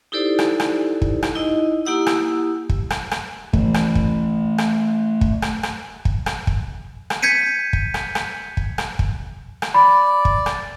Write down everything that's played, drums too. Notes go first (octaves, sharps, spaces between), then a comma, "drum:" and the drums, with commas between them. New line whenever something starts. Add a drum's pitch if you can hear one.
D#4 E4 G4 A4 C5 D5
drum: rim click
drum: rim click
drum: kick
drum: rim click
D#4 E4 D#5
A#3 E4 G4 F#5 D#6 E6
drum: rim click
drum: kick
drum: rim click
drum: rim click
E3 A3, drum: kick
drum: rim click
drum: kick
drum: rim click
drum: kick
drum: rim click
drum: rim click
drum: kick
drum: rim click
drum: kick
drum: rim click
G6 G#6 B6 C#7 D#7
drum: kick
drum: rim click
drum: rim click
drum: kick
drum: rim click
drum: kick
drum: rim click
D5 B5
drum: kick
drum: rim click